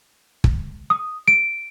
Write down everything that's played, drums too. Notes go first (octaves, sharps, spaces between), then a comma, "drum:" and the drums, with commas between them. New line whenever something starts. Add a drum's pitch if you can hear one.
drum: kick
D#6
D7